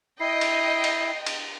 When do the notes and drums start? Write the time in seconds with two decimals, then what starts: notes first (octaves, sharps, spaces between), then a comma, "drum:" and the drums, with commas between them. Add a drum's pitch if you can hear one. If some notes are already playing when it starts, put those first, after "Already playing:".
0.20 E4 D#5 G5 C7
0.41 drum: cymbal
0.84 drum: cymbal
1.26 drum: cymbal